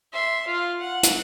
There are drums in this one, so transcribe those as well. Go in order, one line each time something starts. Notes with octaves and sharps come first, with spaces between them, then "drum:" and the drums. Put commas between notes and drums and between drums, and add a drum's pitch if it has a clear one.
E5 C6
F4
F#5
drum: hi-hat